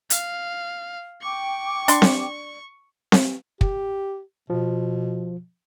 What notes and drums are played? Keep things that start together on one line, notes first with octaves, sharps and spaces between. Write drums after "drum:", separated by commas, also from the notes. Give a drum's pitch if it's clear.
F5, drum: hi-hat
G5 C#6 D6
D4 C6, drum: hi-hat
drum: snare C4
drum: snare C4
G4, drum: kick
B2 F3